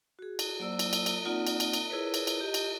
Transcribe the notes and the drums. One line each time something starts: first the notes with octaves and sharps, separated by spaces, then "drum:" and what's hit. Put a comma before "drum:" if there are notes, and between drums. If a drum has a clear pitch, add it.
F#4 G#4
drum: cymbal
F#3 A#3 C5 D5 E6
drum: cymbal
drum: cymbal
drum: cymbal
A#3 C4 D#4 F4 D5 F#5
drum: cymbal
drum: cymbal
drum: cymbal
E4 G#4 A#4 B4 C#5
drum: cymbal
drum: cymbal
G4 D#5
drum: cymbal